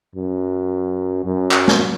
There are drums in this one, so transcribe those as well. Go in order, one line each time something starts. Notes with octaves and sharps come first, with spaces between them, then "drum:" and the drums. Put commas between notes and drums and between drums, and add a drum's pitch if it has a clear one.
F#2
F#2
drum: clap
drum: snare